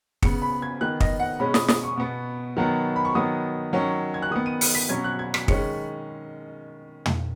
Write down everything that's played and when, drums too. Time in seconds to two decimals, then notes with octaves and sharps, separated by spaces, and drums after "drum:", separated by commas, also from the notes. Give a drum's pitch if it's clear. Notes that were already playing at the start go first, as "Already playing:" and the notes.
0.22 C#3 B3 C#7, drum: kick
0.42 B5
0.62 G#6
0.81 D#3 B3 F#6
1.00 D#5, drum: kick
1.20 F#5
1.40 B2 G#3 C#4 B5
1.54 D#6, drum: snare
1.68 D#6, drum: snare
1.83 C#6
1.97 B2 B3
2.57 D#3 F#3 B3
2.96 B5
3.05 C#6
3.15 D#3 F#3 B3 D#6
3.73 D#3 F#3 C#4
4.14 G#6
4.22 F#6
4.31 D#3 B3 D#6
4.46 D#7
4.61 C#7, drum: open hi-hat
4.75 B6
4.89 B2 F#3 C#4 G#6
5.04 F#6
5.19 G#6
5.34 B6, drum: rim click
5.48 D#3 G#3 C#4 C#7, drum: kick
7.06 drum: tom